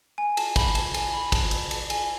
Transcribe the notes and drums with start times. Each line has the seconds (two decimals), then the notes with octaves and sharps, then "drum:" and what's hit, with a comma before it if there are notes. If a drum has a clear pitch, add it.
0.18 G#5
0.37 A5, drum: cymbal
0.56 B5, drum: kick, cymbal
0.75 A5, drum: cymbal
0.94 G#5, drum: cymbal
1.13 B5
1.32 A5, drum: kick, cymbal
1.51 B5, drum: cymbal
1.71 A5, drum: cymbal
1.90 G#5, drum: cymbal